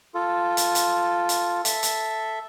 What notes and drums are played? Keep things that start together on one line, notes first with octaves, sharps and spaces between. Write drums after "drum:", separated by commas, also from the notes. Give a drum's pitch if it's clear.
F4 A4
drum: hi-hat
drum: hi-hat
drum: hi-hat
A4 E5, drum: hi-hat
drum: hi-hat